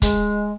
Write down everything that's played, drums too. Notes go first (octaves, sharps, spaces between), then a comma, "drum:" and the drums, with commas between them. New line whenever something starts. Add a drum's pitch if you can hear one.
G#3, drum: kick, hi-hat